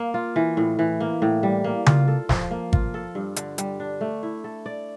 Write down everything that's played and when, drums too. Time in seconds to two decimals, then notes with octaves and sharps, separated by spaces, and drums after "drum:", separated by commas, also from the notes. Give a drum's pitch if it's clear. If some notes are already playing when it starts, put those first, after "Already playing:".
Already playing: A#3
0.14 F4
0.36 E3
0.57 A2
0.79 E3
1.00 A#3
1.22 A2
1.43 G3
1.64 A#3
1.86 F4, drum: tom C#3
2.08 A4
2.29 F3, drum: snare
2.51 A#3
2.73 F4, drum: kick
2.94 A4
3.15 G2
3.36 D3, drum: hi-hat
3.58 G3, drum: hi-hat
3.80 D4
4.01 A3
4.23 E4
4.44 A4
4.66 D5